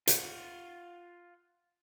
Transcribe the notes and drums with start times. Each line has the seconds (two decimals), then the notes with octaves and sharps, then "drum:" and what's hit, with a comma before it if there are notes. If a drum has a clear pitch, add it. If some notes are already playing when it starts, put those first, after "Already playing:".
0.07 F4 F#5, drum: hi-hat